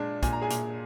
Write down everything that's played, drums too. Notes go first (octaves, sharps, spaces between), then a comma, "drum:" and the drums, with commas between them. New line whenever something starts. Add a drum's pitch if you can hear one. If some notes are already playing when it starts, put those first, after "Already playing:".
Already playing: A#2 G#3 D4
A#2 G#5, drum: kick, hi-hat
A#5
G#4 G#5
A#2, drum: hi-hat